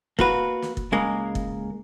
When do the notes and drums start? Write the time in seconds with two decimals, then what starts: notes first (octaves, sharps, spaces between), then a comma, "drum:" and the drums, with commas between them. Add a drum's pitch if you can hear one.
0.19 A#3 F#4 B4, drum: kick
0.62 drum: snare
0.77 drum: kick
0.92 C#2 C#3 G#3 A#3
1.35 drum: kick